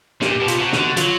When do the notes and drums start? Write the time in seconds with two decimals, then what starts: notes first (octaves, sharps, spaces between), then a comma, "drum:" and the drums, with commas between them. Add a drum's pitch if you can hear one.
0.22 A#2 G4, drum: snare
0.40 B2
0.48 F4, drum: hi-hat
0.59 C3 F#4
0.73 D#3, drum: snare
0.77 D3
0.97 F#3 F4, drum: hi-hat